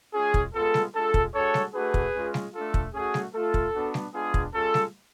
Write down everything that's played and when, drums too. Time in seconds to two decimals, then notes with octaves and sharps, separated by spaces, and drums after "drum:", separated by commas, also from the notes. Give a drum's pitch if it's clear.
0.14 G#3 C#4 F4 G#4
0.34 drum: kick
0.54 G#3 B3 F4 A4
0.74 drum: snare G3
0.94 G#3 D4 F4 A4
1.14 drum: kick
1.34 G#3 D4 F#4 A4 C#5
1.54 drum: snare G3
1.74 A3 D4 F#4 G#4 B4
1.94 drum: kick
2.14 G#3 C#4 F4
2.34 drum: snare G3
2.54 A3 D4 F4 A4
2.74 drum: kick
2.94 A3 C#4 F#4 G#4
3.14 drum: snare G3
3.34 A3 F4 A4
3.54 drum: kick
3.73 B3 D4 F#4
3.94 drum: snare G3
4.14 G#3 B3 D4 F4 G#4
4.34 drum: kick
4.54 G#3 C#4 F4 A4
4.74 drum: snare G3